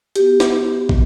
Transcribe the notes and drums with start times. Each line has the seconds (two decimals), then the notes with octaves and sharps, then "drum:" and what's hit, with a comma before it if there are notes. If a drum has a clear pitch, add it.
0.16 B3 F#4 G4, drum: hi-hat
0.40 drum: snare
0.89 drum: kick